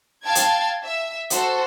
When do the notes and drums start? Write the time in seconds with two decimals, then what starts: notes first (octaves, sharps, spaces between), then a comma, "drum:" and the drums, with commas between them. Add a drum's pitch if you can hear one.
0.24 F5 G5 A5 G#6 A6
0.35 drum: hi-hat
0.84 E5
1.30 F#4 A4 C5, drum: hi-hat